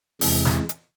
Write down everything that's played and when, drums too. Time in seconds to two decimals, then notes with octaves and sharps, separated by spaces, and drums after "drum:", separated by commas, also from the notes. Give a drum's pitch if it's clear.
0.21 E2 C3 E3 G#3, drum: open hi-hat
0.45 drum: snare
0.69 drum: hi-hat